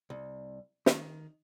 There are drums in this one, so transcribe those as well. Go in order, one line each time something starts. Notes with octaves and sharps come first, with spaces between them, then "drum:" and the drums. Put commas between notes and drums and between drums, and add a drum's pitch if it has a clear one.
C2
D#3, drum: snare